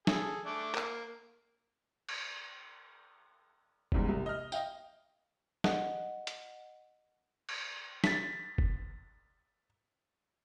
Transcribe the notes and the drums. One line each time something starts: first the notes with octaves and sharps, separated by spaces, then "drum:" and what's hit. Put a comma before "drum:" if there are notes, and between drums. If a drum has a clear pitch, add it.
G#4 A4, drum: snare
A3 D4 D5
A#3, drum: clap
drum: cymbal
E2 G#2 C#3 G3, drum: kick F1
C2
D#5 F6
D#5 F5 G5, drum: tambourine
D#5 F#5, drum: snare
drum: hi-hat
drum: cymbal
A6 B6, drum: snare
drum: kick F1